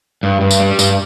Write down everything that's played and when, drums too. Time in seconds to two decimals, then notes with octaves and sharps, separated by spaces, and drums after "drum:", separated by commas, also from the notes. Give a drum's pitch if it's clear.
0.23 G2
0.41 G2
0.51 drum: tambourine
0.60 G3
0.79 G2, drum: tambourine